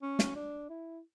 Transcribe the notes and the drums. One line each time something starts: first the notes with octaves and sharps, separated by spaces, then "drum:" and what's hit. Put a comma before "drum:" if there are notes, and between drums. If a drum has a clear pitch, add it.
C#4
drum: snare
D4
E4